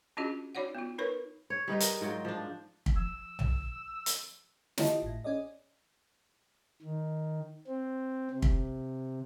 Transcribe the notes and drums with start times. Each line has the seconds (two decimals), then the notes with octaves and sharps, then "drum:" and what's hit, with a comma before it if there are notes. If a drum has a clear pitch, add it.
0.17 C#4 D4 F4 F#4 G#4 D#5
0.55 D#4 F#4 C#5 D5 F#5
0.75 B3 F4
0.98 D#4 A#4 B4 C#5 C#6
1.50 C#5
1.68 G3 D#4 B4 D#5
1.80 A#4, drum: hi-hat
2.01 G#2 F#3 F4 G5
2.25 F3 D4
2.86 drum: kick
2.96 F3 E6
3.39 drum: tom B1
4.06 drum: hi-hat
4.78 E4 F4 G4 D#5 A5, drum: snare
5.02 G#1 A2
5.24 C#4 G#4 D5 D#5
6.82 D#3
7.67 C4
8.31 C3
8.42 drum: kick